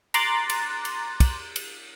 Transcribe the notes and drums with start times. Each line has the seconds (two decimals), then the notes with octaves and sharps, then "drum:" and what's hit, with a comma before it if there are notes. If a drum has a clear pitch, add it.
0.14 A#5 C6 D6 F#6 A6, drum: cymbal
0.50 drum: cymbal
0.85 drum: cymbal
1.20 drum: kick, cymbal
1.56 drum: cymbal